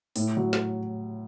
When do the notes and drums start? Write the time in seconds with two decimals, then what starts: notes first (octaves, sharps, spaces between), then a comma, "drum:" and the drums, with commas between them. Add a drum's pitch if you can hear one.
0.16 A2, drum: open hi-hat
0.37 F#3
0.53 drum: snare